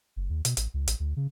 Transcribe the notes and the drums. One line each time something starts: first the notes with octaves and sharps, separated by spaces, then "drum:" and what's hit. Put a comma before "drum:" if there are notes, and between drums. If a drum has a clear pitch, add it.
F#1
D#2
B2, drum: hi-hat
A1, drum: hi-hat
C#2
A1, drum: hi-hat
D2
C#3